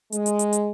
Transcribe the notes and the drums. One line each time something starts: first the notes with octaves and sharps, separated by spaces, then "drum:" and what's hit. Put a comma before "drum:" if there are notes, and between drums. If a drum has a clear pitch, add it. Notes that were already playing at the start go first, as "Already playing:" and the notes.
G#3, drum: hi-hat
drum: hi-hat
drum: hi-hat
drum: hi-hat